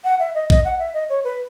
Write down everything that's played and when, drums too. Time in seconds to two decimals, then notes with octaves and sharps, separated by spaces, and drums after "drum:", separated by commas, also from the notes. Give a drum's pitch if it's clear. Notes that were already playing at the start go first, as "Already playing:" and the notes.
0.04 F#5
0.20 E5
0.35 D#5
0.50 D#5, drum: kick
0.65 F#5
0.79 E5
0.94 D#5
1.09 C#5
1.24 B4